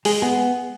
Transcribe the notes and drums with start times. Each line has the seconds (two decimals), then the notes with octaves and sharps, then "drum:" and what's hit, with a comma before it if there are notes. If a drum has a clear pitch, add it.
0.05 G#3 G#4, drum: open hi-hat
0.22 B3 G#4